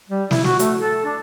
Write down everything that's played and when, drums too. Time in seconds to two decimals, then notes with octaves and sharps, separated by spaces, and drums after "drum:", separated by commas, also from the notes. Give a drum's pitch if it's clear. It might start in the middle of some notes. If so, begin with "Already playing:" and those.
0.10 G3
0.31 E4, drum: snare
0.44 F#4, drum: snare
0.59 A3, drum: hi-hat
0.79 A4
1.05 D4